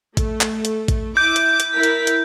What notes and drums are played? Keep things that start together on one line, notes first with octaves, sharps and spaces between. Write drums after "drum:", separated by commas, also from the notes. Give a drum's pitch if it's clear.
A3, drum: kick, hi-hat
drum: clap
drum: hi-hat
drum: kick, hi-hat
E4 D6 G6
drum: hi-hat
drum: hi-hat
E4 A#4 B6
drum: hi-hat
drum: hi-hat